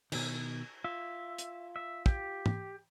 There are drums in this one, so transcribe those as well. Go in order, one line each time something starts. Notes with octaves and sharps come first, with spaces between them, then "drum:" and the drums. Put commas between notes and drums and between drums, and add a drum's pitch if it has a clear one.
B2 D#3, drum: cymbal
F4 E5
drum: hi-hat
E5
G4, drum: kick
drum: tom G#2